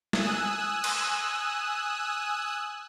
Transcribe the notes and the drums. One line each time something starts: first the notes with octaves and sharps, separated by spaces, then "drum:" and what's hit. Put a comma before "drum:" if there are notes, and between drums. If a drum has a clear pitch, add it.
G#5 D#6 E6 F#6, drum: snare
drum: cymbal